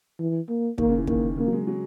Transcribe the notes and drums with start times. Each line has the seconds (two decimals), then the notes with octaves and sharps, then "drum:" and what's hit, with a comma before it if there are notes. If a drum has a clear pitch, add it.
0.19 E3
0.49 A#3
0.78 D#3 A#3, drum: kick
0.89 C#3
0.98 E3
1.07 D#3 A#3, drum: kick
1.38 C#3 A#3
1.47 F#3
1.53 G#3
1.67 F#3